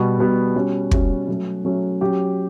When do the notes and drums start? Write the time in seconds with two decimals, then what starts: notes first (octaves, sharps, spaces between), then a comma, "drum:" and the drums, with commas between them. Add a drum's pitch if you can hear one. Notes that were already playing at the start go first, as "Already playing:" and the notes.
Already playing: B2 G3 B3 F#4
0.18 B2 G3 B3 F#4
0.56 G3 C#4 F#4
0.91 G3 C#4 F#4, drum: kick
1.28 F#3 A3 C#4
1.65 F#3 A3 C#4
2.01 F#3 C#4 G4